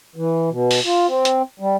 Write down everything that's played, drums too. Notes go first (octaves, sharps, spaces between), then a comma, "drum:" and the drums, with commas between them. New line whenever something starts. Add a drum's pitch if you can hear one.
E3
B2
drum: open hi-hat
F4
C4
drum: hi-hat
G3